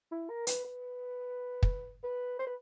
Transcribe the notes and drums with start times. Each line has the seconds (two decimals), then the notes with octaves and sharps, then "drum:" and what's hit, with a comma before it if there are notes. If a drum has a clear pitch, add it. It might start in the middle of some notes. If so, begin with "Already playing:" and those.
0.11 E4
0.29 A#4
0.47 B4, drum: hi-hat
0.65 B4
1.63 drum: kick
2.03 B4
2.39 C5
2.47 B4